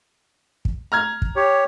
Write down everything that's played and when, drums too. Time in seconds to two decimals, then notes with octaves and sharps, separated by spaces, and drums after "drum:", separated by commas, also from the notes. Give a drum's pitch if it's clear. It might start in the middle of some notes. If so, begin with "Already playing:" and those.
0.65 drum: kick
0.92 A#5 F6 G#6
1.22 drum: kick
1.36 G4 C#5